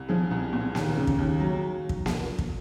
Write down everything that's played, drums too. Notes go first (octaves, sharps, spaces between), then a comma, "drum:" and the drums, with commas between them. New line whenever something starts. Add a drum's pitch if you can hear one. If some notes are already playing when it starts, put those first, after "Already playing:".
Already playing: C2
F3 G#4
C2
A#2
D#2, drum: snare A#3
C#3
drum: kick
D#2
F#3
drum: kick
drum: snare A#3
drum: kick